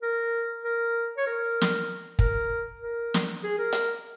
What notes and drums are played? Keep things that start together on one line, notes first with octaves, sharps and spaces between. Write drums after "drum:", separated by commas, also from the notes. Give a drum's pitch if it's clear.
A#4
A#4
C#5
A#4
drum: snare
A#4, drum: kick
A#4
drum: snare
G#4
A#4
drum: hi-hat